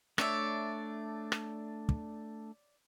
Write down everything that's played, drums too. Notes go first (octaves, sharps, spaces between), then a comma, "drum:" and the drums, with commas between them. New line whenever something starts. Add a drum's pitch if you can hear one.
A3 D4 C#5 D5 E5, drum: rim click
drum: rim click
drum: kick